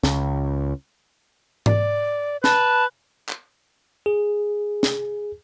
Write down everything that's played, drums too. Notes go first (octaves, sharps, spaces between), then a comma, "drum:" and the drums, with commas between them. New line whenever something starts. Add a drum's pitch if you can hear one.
C#2, drum: snare
D5, drum: tom G#2
B4 A5, drum: snare
drum: clap
G#4
drum: snare